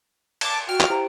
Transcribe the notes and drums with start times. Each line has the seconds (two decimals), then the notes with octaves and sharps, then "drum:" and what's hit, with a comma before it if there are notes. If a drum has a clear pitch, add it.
0.41 A5 D6, drum: cymbal
0.69 F#4 G5 F6 D7
0.81 drum: clap
0.90 E4 G4 C5 A#5